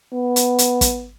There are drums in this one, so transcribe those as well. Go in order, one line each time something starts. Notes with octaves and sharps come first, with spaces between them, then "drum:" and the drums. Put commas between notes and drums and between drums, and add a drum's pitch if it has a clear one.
B3
drum: hi-hat
drum: hi-hat
drum: kick, hi-hat